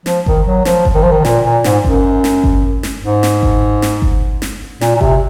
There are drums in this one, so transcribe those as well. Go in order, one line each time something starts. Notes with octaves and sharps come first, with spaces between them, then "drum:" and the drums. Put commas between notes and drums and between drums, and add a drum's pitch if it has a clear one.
F3, drum: snare
D#3, drum: kick G1
F#3
F3, drum: snare
drum: kick G1
D#3
F3
D#3
A#2, drum: snare
A#2
G#2, drum: snare
F#2, drum: kick G1
drum: snare
drum: kick G1
drum: snare
G#2
drum: snare
drum: kick G1
drum: snare
drum: kick G1
drum: snare
A#2, drum: snare
A#2
C3, drum: kick G1